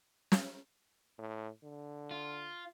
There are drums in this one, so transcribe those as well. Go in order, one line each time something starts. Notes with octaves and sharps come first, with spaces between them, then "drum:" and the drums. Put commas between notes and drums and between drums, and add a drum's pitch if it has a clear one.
drum: snare
A2
D3
F4